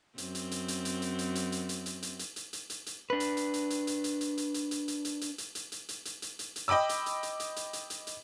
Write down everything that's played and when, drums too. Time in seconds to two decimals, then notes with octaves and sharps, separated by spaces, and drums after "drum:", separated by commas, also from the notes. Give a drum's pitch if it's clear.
0.18 F#2 C4, drum: hi-hat
0.35 drum: hi-hat
0.51 drum: hi-hat
0.68 drum: hi-hat
0.85 drum: hi-hat
1.02 drum: hi-hat
1.19 drum: hi-hat
1.35 drum: hi-hat
1.52 drum: hi-hat
1.69 drum: hi-hat
1.86 drum: hi-hat
2.03 drum: hi-hat
2.19 drum: hi-hat
2.36 drum: hi-hat
2.53 drum: hi-hat
2.70 drum: hi-hat
2.86 drum: hi-hat
3.10 D4 B4
3.20 drum: hi-hat
3.37 drum: hi-hat
3.54 drum: hi-hat
3.70 drum: hi-hat
3.87 drum: hi-hat
4.04 drum: hi-hat
4.21 drum: hi-hat
4.38 drum: hi-hat
4.54 drum: hi-hat
4.71 drum: hi-hat
4.88 drum: hi-hat
5.05 drum: hi-hat
5.21 drum: hi-hat
5.38 drum: hi-hat
5.55 drum: hi-hat
5.72 drum: hi-hat
5.89 drum: hi-hat
6.05 drum: hi-hat
6.22 drum: hi-hat
6.39 drum: hi-hat
6.56 drum: hi-hat
6.68 D#5 G5 B5 D6 E6
6.89 drum: hi-hat
7.06 drum: hi-hat
7.23 drum: hi-hat
7.40 drum: hi-hat
7.56 drum: hi-hat
7.73 drum: hi-hat
7.90 drum: hi-hat
8.07 drum: hi-hat